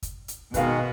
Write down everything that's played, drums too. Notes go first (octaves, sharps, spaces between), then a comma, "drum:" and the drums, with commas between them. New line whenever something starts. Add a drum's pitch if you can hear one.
drum: kick, hi-hat
drum: hi-hat
B2 D#3 G#3 B3 F#4 B4 F5, drum: kick, hi-hat